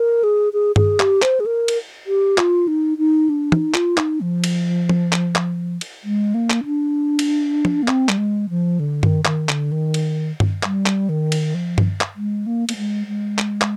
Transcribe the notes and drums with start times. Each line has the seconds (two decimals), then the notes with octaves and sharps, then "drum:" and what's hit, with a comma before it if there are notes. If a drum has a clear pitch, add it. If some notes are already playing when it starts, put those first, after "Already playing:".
Already playing: A#4
0.24 G#4
0.53 G#4
0.76 G#4, drum: tom G2
1.00 G4, drum: clap
1.22 C5, drum: clap
1.40 G#4
1.46 A#4
1.68 drum: cymbal
2.07 G4
2.38 F4, drum: clap
2.68 D#4
2.98 D#4
3.29 D4
3.52 D#4, drum: tom
3.74 F4, drum: clap
3.97 D#4, drum: clap
4.21 F3
4.44 drum: cymbal
4.89 drum: tom
5.12 drum: clap
5.35 drum: clap
5.81 drum: cymbal
6.04 G#3
6.34 A#3
6.50 drum: clap
6.65 D4
7.19 drum: cymbal
7.65 drum: tom
7.83 A#3
7.88 C4, drum: clap
8.09 G3, drum: clap
8.18 G#3
8.50 F3
8.80 D3
9.03 D#3, drum: tom G2
9.25 D#3, drum: clap
9.49 D3, drum: clap
9.72 D#3
9.94 drum: cymbal
10.40 drum: tom G2
10.63 G3, drum: clap
10.86 drum: clap
11.09 D#3
11.32 drum: cymbal
11.55 F3
11.78 drum: tom G2
12.01 drum: clap
12.16 G#3
12.46 A#3
12.69 A#3, drum: cymbal
12.77 G#3
13.07 G#3
13.38 drum: clap
13.61 drum: clap